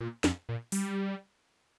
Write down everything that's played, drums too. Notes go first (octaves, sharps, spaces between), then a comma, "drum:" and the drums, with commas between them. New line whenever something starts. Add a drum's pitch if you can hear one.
A#2
F2, drum: snare
A#2
G3, drum: open hi-hat